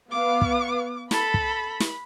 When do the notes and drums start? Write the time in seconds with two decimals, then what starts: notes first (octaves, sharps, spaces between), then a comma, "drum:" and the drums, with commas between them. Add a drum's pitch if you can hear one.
0.11 B3 F5 D6
0.41 drum: kick
1.11 A4 B5, drum: snare
1.34 drum: kick
1.80 drum: snare